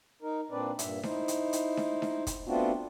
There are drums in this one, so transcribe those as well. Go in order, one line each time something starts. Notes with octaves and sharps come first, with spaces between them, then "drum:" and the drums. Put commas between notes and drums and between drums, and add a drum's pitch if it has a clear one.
D#4 A#4
A#2 C4 D4 B4 D5
G2 A#2 E5, drum: hi-hat
D#4 E4 C5, drum: snare D4
drum: hi-hat
drum: hi-hat
drum: snare D4
drum: snare D4
drum: kick, hi-hat
A3 B3 C4 D4 F4 F#4